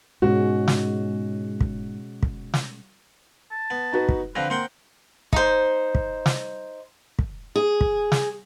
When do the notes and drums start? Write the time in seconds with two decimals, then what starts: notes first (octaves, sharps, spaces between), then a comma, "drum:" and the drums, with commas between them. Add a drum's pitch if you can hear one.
0.22 G#2 B2 G#3 C#4 F#4
0.68 drum: snare
1.61 drum: kick
2.23 drum: kick
2.54 drum: snare
3.52 A5
3.70 B3
3.92 D#4 F#4 B4
4.09 drum: kick
4.35 D3 F3 C4 B4 A#6
4.50 A#3 C4 F#5 G5 C6
5.33 D#4 C5, drum: kick
5.95 drum: kick
6.26 drum: snare
7.19 drum: kick
7.56 G#4
7.81 drum: kick
8.12 drum: snare